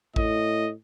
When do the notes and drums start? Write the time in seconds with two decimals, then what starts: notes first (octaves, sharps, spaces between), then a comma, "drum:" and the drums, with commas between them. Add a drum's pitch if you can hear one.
0.16 A2 D#5, drum: kick A1